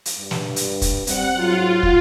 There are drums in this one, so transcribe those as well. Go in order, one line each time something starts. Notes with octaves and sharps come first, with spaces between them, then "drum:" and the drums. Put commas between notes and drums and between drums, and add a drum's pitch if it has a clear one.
drum: hi-hat
G2
drum: snare
drum: hi-hat
drum: kick, hi-hat
G3 C4 F#5, drum: hi-hat
G#2 F#3 F4
drum: kick